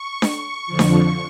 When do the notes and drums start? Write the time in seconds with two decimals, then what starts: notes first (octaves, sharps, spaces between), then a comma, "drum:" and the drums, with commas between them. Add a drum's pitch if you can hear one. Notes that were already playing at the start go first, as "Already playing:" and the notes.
Already playing: C#6
0.22 drum: snare D4
0.67 F2 D3 F3
0.79 drum: snare D4